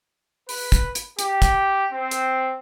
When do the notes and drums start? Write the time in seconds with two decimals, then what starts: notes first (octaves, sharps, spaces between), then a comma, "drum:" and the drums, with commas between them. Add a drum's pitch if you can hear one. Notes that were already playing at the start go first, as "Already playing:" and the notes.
0.49 B4, drum: open hi-hat
0.72 drum: kick, hi-hat
0.95 drum: hi-hat
1.19 G4, drum: hi-hat
1.42 drum: kick, hi-hat
1.92 C4
2.11 drum: hi-hat